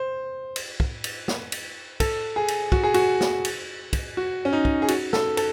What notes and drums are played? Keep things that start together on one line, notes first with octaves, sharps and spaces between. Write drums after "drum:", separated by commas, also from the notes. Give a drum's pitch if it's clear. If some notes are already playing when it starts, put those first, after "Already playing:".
Already playing: C5
drum: cymbal
drum: kick
drum: cymbal
drum: snare
drum: cymbal
A4, drum: kick, cymbal
G#4
drum: cymbal
F#4, drum: kick
G#4
F#4, drum: cymbal
drum: snare
drum: cymbal
drum: kick, cymbal
F#4
C#4
D#4
drum: kick
G#4
F#4, drum: cymbal
A4, drum: snare
A4, drum: cymbal